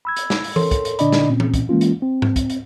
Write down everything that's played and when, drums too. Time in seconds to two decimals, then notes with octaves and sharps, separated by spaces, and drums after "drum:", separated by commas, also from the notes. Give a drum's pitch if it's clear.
0.05 B5 E6 G#6
0.16 drum: hi-hat
0.30 drum: snare
0.44 drum: open hi-hat
0.56 A4 A#4 C#5 C6, drum: tom E3
0.71 drum: kick, hi-hat
0.85 drum: hi-hat
0.99 A#2 D3 D4 D5 D#5 B5, drum: hi-hat
1.12 drum: snare
1.29 A#2 C4 C#4
1.40 drum: tom E3
1.54 drum: kick, hi-hat
1.69 E3 G#3 A#3 C#4 F4
1.81 drum: hi-hat
2.02 C4
2.22 drum: tom G#2
2.36 drum: kick, hi-hat
2.50 drum: hi-hat